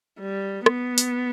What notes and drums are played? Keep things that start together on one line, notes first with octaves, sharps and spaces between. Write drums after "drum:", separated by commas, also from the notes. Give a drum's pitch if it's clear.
G3
B3, drum: rim click
drum: hi-hat